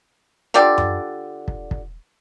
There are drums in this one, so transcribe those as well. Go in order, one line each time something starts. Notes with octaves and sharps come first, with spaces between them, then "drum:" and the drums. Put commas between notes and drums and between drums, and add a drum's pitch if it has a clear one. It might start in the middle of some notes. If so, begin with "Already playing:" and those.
D3 F4 G4 D5
drum: tom F#2
drum: kick
drum: kick